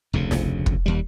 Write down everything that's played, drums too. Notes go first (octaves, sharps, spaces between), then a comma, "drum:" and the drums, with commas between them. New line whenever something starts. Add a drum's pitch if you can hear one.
F1 D2 C#3
drum: snare
drum: kick
D#2 G3